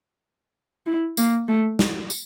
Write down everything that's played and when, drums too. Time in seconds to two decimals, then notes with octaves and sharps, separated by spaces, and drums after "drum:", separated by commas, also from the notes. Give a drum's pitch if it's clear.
0.86 E4
1.17 A#3, drum: tambourine
1.48 A3
1.79 drum: snare
2.10 drum: tambourine